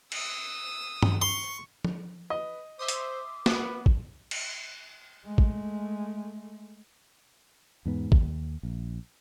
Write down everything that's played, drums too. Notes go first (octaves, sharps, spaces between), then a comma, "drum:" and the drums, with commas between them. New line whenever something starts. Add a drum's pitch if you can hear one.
D#6 E6, drum: cymbal
drum: tom G2
C6 C#6
drum: tom F3
B4 D#5
C5 E5 C6 D6 D#6
drum: hi-hat
B3 B4, drum: snare
drum: kick
drum: cymbal
G#3 A3
drum: kick
E2 G#2 B3
D#2, drum: kick
A#1